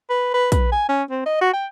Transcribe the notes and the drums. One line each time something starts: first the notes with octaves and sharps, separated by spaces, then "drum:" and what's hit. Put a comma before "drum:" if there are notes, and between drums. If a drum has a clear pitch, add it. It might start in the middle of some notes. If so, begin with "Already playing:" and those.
B4
B4
B4, drum: kick, hi-hat
G#5
C#4
C4
D#5
F#4
G5